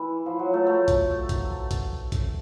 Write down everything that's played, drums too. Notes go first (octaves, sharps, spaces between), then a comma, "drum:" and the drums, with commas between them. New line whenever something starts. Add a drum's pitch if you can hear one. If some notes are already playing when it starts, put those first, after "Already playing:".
Already playing: E3
F3
F#3
A3
A3
drum: kick A#1, hi-hat
drum: kick A#1, hi-hat
drum: kick A#1, hi-hat
drum: kick A#1, hi-hat